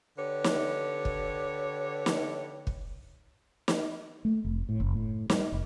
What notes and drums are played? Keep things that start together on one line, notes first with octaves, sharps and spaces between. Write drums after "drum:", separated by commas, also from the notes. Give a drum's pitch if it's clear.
D3 G4 B4 C#5
drum: snare
drum: kick
drum: snare
drum: kick
drum: snare
A3
F1
A2
F#1
A2
G3, drum: snare
F1